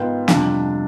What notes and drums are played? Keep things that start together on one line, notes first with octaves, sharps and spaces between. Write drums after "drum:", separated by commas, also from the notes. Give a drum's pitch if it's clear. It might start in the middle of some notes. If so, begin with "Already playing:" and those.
Already playing: G#2 D#3 B3 F4 G5
F2 C3 G3 D4 F4, drum: snare